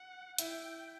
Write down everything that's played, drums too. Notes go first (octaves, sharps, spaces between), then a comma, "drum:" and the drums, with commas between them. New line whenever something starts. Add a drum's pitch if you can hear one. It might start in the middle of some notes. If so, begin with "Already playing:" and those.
Already playing: F#5
E4 G5, drum: hi-hat